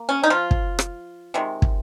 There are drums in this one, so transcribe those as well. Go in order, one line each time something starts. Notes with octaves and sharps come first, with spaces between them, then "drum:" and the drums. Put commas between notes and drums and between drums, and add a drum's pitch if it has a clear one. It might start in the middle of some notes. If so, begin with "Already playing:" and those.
Already playing: A#3
C#4
D#4
F3 F4
drum: kick
drum: rim click
C3 D#3 G#3
drum: kick